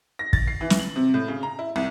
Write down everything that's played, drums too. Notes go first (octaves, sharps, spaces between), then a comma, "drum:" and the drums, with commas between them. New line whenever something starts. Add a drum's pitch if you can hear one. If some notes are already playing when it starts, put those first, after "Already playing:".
A#6
A6, drum: kick
C7
E3
drum: snare
F#7
C3
A2
C#3
A#5
E4
C2